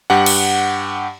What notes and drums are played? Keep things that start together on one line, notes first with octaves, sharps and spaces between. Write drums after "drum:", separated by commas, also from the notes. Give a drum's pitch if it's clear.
G2 G4 F#5
drum: cymbal